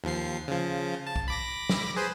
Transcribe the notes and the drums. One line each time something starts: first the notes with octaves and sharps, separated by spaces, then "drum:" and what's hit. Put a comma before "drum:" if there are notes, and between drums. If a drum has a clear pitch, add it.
D#2 F3 C7
C#3 F3
A5
drum: kick
B5 D6 A#6
drum: snare
G#4 B4 C5